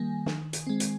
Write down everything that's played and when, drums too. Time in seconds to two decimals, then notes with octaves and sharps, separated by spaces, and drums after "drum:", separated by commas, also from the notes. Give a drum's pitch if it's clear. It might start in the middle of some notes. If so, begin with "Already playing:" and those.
Already playing: D#3 G3 A#3 G#5
0.26 D#3, drum: snare
0.53 drum: hi-hat
0.67 G#3 C4
0.80 drum: hi-hat